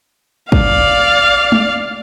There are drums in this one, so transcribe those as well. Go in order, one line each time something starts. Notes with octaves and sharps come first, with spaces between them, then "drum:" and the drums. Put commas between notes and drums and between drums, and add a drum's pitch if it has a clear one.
D5 F5, drum: kick
drum: tom G#3